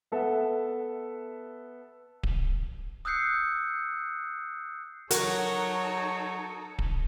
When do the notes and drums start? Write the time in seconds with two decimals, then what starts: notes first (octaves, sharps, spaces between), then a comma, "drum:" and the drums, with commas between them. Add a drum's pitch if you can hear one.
0.12 B3 A4 E5 F#5
2.23 drum: kick D1
3.05 D#6 E6 F#6 G6 C7 C#7
5.11 F#3 D#4 F#4 A4 A#4 C#5, drum: hi-hat
6.79 drum: kick D1